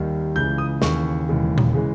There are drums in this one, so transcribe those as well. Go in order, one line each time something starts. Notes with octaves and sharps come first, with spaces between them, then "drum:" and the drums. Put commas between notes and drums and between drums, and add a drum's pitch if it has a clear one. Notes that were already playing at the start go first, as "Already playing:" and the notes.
Already playing: D#2 D#3 G3
C#2 C#3 E3 G6
D#6
D#2 C#3 E3 C#6, drum: snare
E1 D#2 C#3 E3 G#3
drum: tom A#2
C#3 E3 G#3